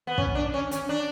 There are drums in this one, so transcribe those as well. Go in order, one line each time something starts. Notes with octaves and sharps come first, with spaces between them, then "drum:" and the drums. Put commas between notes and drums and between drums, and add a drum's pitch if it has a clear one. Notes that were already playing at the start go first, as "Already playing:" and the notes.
B3
C#4, drum: kick
D4
C#4
C#4, drum: hi-hat
D4